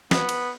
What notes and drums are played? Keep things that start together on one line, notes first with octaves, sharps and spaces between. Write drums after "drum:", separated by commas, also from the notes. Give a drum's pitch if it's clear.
B3, drum: snare
drum: cymbal